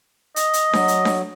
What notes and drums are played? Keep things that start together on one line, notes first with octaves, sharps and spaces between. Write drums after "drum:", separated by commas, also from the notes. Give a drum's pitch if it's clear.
D#5, drum: hi-hat
drum: hi-hat
F#3, drum: snare D4
drum: hi-hat
drum: snare D4